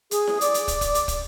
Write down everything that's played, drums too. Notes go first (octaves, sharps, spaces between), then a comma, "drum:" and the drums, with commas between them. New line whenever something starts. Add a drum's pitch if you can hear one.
G#4, drum: hi-hat
drum: snare E4
D5, drum: hi-hat
drum: hi-hat
drum: kick, hi-hat
drum: kick, hi-hat
drum: hi-hat
drum: kick, hi-hat